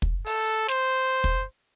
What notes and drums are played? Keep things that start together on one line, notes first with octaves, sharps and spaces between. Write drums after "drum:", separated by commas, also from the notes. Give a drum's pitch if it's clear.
drum: kick
A4, drum: open hi-hat
C5, drum: snare
drum: kick